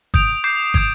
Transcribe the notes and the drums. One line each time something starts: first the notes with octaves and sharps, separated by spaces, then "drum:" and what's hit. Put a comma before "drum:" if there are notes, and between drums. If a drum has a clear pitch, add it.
D#6 G6 D7 F7, drum: kick
D6 G6 C7
D#6 G#6 D7, drum: kick